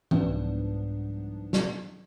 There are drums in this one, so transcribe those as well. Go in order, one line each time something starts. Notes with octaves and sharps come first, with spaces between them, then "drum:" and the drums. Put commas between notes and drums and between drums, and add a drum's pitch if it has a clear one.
C2 G#2 F3 B3 D4, drum: tom E3
drum: snare